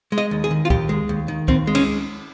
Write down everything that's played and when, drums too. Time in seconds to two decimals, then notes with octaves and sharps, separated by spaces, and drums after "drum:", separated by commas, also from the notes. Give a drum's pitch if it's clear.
0.12 G#3
0.18 D#5
0.31 D#2
0.44 G#4
0.51 D#3
0.65 F4
0.70 D#2 G4, drum: kick C#2
0.89 G#3
1.09 D#2
1.28 D#3
1.48 D#2 C4, drum: kick C#2
1.67 G#3
1.75 C#4, drum: cymbal